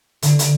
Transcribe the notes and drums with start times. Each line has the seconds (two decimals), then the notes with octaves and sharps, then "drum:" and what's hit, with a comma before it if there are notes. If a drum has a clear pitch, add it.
0.22 D3, drum: hi-hat
0.39 drum: hi-hat